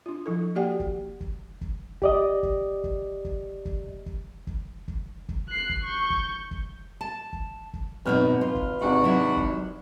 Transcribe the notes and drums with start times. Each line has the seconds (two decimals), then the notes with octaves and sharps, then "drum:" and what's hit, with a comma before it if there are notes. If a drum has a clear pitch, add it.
0.06 D4 F4
0.26 F3 E4 A4
0.55 A#3 F#4 G4 D5 F#5 G5
0.80 drum: kick
1.21 drum: kick
1.61 drum: kick
2.02 G4 D5 D#5, drum: kick
2.43 drum: kick
2.84 drum: kick
3.25 drum: kick
3.65 drum: kick
4.06 drum: kick
4.47 drum: kick
4.88 drum: kick
5.29 drum: kick
5.49 F#6 C7
5.69 drum: kick
5.84 C#6 G6
6.10 drum: kick
6.51 drum: kick
7.01 A5
7.33 drum: kick
7.74 drum: kick
8.06 G#1 F#2 B2 D#4 B4 F6
8.41 F4 B4
8.55 drum: kick
8.81 G#1 G#2 C3 D4 F#4
9.04 F#3 E4
9.37 drum: kick